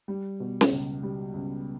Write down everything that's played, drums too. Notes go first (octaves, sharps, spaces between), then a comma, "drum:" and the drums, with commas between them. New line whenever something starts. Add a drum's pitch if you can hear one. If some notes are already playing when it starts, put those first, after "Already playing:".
G3
B2
drum: snare
C#2
G3
C#2